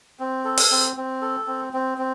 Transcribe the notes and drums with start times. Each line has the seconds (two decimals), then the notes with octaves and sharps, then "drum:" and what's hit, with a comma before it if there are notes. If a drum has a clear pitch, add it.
0.19 C4
0.45 A4
0.57 drum: open hi-hat
0.71 C4
0.96 C4
1.22 A4
1.47 C4
1.73 C4
1.98 C4